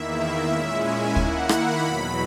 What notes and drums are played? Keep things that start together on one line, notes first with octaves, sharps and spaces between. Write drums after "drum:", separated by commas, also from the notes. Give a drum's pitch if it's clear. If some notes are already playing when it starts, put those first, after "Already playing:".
Already playing: E2 D#3 A#3 E4 E5
E5
A#2 G#3 C#4 E4
G#5
D#3 A#3 E4 F#5, drum: kick
B5, drum: rim click
E2 B2 F#3